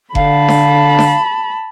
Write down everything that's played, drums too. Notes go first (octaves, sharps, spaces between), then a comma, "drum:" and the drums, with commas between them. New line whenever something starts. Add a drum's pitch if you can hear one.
D3 F5 A5 B5, drum: kick F#1
drum: snare D4
drum: snare D4